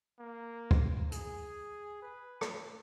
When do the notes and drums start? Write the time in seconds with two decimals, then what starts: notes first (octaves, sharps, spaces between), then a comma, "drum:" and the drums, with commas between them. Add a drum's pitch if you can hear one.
0.19 A#3
0.71 drum: kick
1.12 G#4, drum: hi-hat
2.02 B4
2.41 drum: rim click